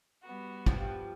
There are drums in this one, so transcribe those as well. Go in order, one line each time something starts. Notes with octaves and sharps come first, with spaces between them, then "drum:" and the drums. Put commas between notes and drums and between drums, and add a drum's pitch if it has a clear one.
G3 B3 F#4
G2 F3, drum: kick